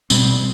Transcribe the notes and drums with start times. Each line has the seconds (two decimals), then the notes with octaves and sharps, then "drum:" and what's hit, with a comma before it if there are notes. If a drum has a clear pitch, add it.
0.10 B2 G3 C4, drum: tambourine